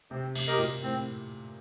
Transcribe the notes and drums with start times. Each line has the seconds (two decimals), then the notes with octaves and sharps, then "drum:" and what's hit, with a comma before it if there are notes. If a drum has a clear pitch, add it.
0.11 C3 C4
0.35 C3, drum: cymbal
0.47 G4 A#4 D#5
0.58 A#2
0.82 A2 C4